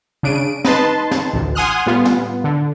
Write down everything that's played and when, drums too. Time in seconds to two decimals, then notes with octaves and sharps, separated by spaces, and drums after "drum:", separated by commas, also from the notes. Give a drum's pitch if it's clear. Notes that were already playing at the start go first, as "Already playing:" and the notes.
0.23 C#3 D4 D7 D#7
0.65 D#4 B4 A5 C6, drum: snare
1.11 drum: snare
1.33 A1 D2
1.55 F#5 G#5 C6 D#6 F6 F#6
1.86 A2 G3 B3 F4
2.05 drum: snare
2.44 D3